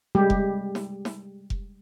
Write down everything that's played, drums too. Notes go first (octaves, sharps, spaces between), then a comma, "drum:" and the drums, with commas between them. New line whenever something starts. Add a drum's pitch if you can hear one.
G3 G#3 G4
drum: kick F1
drum: snare
drum: snare
drum: kick F1